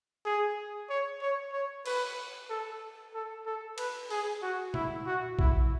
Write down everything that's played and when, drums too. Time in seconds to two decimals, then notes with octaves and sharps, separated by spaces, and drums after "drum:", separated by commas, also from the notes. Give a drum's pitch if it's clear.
0.25 G#4
0.90 C#5
1.22 C#5
1.53 C#5
1.86 B4, drum: cymbal
2.50 A4
3.14 A4
3.46 A4
3.78 B4, drum: cymbal
4.10 G#4, drum: open hi-hat
4.42 F#4
4.74 E4, drum: tom A#2
5.06 F#4
5.39 E4, drum: kick A#1